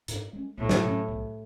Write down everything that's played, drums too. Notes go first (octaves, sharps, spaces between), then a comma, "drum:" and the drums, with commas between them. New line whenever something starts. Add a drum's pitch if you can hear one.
G#2, drum: hi-hat
G#3 C#4
B1 A2
drum: snare
B2 F#3 C#4
B1